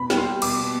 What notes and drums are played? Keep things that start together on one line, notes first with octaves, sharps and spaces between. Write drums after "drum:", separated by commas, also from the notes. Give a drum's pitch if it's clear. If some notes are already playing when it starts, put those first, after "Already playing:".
Already playing: B2 B5
G3, drum: snare
C6
G3
B2 D6, drum: cymbal
B2